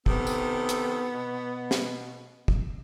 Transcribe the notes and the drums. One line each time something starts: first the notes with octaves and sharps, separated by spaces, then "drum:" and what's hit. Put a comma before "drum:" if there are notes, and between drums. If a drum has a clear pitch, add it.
C3 D#3 B3 A4, drum: kick
drum: tambourine
drum: hi-hat
B2
drum: snare
drum: kick